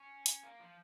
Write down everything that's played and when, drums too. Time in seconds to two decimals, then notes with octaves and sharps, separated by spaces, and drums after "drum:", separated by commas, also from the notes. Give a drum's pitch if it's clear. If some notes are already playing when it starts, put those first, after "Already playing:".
Already playing: C#4
0.26 drum: hi-hat
0.43 A#3
0.60 F3